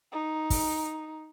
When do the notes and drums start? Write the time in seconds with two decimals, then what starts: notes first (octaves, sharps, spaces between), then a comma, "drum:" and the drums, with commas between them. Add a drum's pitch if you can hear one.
0.12 D#4
0.50 drum: kick, open hi-hat